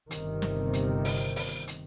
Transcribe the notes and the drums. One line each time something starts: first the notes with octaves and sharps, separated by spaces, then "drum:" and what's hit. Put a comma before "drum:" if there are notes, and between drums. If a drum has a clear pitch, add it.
G1 C3 D#3, drum: hi-hat
drum: snare
drum: hi-hat
drum: open hi-hat
drum: open hi-hat
drum: hi-hat